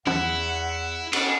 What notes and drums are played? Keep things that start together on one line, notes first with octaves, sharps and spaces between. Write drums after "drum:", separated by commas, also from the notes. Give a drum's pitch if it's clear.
E2 E4 F#5, drum: tom
B3 C#4 D4, drum: cymbal